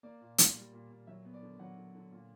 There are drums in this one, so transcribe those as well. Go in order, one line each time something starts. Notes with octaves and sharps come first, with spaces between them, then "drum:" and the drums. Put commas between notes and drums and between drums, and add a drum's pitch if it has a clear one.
A#3 D5
A#2
A#2, drum: hi-hat
G3
A#2
A#2
F#3 E5
B3
D5
D3
F#3 F#5
D3
D3
A#2